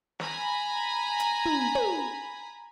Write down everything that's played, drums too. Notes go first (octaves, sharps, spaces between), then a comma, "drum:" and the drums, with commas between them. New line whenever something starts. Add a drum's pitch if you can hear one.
G#5 A#5 B5, drum: snare
drum: hi-hat
drum: tom
drum: tom